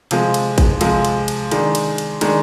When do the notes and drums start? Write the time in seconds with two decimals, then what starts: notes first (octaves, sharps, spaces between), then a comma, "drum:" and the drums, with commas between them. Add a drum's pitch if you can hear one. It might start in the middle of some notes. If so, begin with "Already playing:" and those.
0.11 C3 F3 G#3, drum: cymbal
0.34 drum: cymbal
0.58 drum: kick, cymbal
0.81 C3 F3 G#3, drum: cymbal
1.05 drum: cymbal
1.28 drum: cymbal
1.51 D#3 G#3 D4, drum: cymbal
1.75 drum: cymbal
1.98 drum: cymbal
2.21 D#3 G#3 D4, drum: cymbal